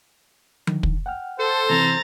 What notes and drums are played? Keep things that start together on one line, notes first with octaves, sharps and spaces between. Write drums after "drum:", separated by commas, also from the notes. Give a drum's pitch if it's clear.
D3 D#3, drum: tom F3
drum: kick
F#5 G5 F6
A4 C5
C3 E3 C4 A#5 A6